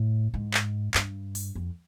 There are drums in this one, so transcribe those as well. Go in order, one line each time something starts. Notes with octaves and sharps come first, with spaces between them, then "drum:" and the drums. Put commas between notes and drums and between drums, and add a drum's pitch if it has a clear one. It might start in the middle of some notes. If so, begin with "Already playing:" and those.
Already playing: A2
G#2
drum: clap
G2, drum: clap
drum: open hi-hat
F2